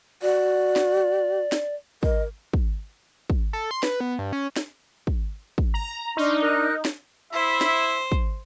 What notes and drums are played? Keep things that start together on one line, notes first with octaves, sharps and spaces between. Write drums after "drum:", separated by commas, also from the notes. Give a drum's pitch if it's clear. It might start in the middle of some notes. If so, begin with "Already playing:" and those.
F#4 D5
drum: snare
drum: snare
A#4 D#5, drum: kick
drum: kick
drum: kick
A4
C6
B4, drum: snare
B3
G2
C#4
drum: snare
drum: kick
drum: kick
A#5
D4 D#4 C6 C#6 F6
A#4 D#6 F#6
drum: snare
E4 C5 E5
drum: snare
drum: kick